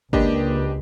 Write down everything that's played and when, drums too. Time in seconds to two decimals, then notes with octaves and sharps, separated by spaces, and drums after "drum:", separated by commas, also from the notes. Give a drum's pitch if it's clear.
0.13 C#2 A#3 D4 G4 A#4 B4 D#5, drum: kick G1